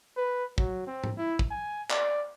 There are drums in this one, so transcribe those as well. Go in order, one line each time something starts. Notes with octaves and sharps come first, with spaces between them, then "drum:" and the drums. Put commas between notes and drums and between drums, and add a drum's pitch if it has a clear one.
B4
F#3, drum: kick
C4
drum: tom G#2
E4
drum: kick
G#5
D5, drum: clap